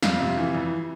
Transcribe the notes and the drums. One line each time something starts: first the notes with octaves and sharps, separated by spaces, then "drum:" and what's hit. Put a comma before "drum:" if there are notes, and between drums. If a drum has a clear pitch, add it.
F2 F5, drum: snare
C3
E3
F2